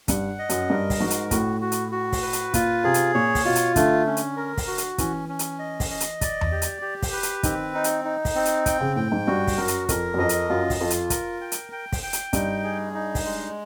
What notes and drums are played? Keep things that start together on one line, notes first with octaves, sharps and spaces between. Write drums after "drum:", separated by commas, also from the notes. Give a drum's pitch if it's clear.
G2 F#5, drum: kick, hi-hat
D#5
F#2, drum: hi-hat
G2 A#4
drum: kick, open hi-hat
G#2 F#4
drum: hi-hat
A2 F#4, drum: kick, hi-hat
F#4
drum: hi-hat
F#4
drum: kick, open hi-hat
B4
drum: hi-hat
A#2 F4, drum: kick, hi-hat
C3 G#4
drum: hi-hat
A#2 C#5
drum: kick, open hi-hat
B2 F4
drum: hi-hat
D3 A3, drum: kick, hi-hat
C#4
drum: hi-hat
A#4
drum: kick, open hi-hat
F#4
drum: hi-hat
E3 C#4, drum: kick, hi-hat
C#4
drum: hi-hat
D#5
drum: kick, open hi-hat
D#5
drum: hi-hat
D5, drum: kick, hi-hat
drum: tom E2
G4
drum: hi-hat
G4
drum: kick, open hi-hat
B4
drum: hi-hat
D#3 C4, drum: kick, hi-hat
D#4
drum: hi-hat
D#4
drum: kick, open hi-hat
C4
drum: hi-hat
G5, drum: kick, hi-hat
C#3
A2 G5
G#2
G2 F#4
drum: kick, open hi-hat
F#2 A#4
drum: hi-hat
F2 A#4, drum: kick, hi-hat
F#2
F2 D#5
drum: hi-hat
F#2 F4
drum: kick, open hi-hat
F2 F4
drum: hi-hat
A#4, drum: kick, hi-hat
G5
drum: hi-hat
G5
drum: kick, open hi-hat
G5
drum: hi-hat
G2 D#4, drum: kick, hi-hat
G#4
D#4
drum: kick, open hi-hat
G#3